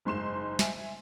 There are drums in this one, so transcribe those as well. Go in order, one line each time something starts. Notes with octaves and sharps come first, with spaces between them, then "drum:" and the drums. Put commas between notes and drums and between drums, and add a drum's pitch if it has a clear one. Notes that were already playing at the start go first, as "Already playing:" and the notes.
F#1 G#2 C6 E7
E5 G#5, drum: snare